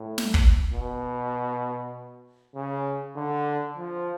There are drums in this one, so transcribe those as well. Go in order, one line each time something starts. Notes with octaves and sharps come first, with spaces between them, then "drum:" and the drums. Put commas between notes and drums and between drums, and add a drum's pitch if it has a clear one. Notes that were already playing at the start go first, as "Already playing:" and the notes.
Already playing: A2
drum: snare
drum: kick
B2
C#3
D3
F3